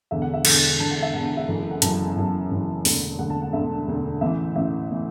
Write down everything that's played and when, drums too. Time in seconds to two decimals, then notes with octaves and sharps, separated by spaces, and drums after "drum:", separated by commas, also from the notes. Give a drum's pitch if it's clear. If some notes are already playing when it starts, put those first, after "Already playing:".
0.11 E1 E2 D3 E5
0.22 F#5
0.34 E5
0.45 E1 E2 D3 F#5, drum: cymbal
0.80 E1 E2 D3 A5
0.91 F#5
1.02 E5
1.13 E1 E2 D3 F#5
1.25 F#5
1.37 E5
1.48 F#1 F#2 E3 A4
1.59 A4
1.71 F#5
1.82 F#1 F#2 E3 A5, drum: hi-hat
2.17 F#1 F#2 E3
2.51 F#1 F#2 E3
2.85 E1 D2 D3, drum: open hi-hat
3.19 E1 D2 D3 F#5
3.30 A5
3.42 F#5
3.53 E1 D2 D3 E5
3.87 E1 D2 D3
4.21 A1 A2 E3 E5
4.55 A1 A2 E3 E5
4.91 A2 E3